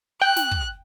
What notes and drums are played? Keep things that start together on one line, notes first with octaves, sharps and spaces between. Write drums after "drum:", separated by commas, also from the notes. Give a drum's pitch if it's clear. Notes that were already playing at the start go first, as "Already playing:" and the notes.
G5 F#6
drum: snare
drum: kick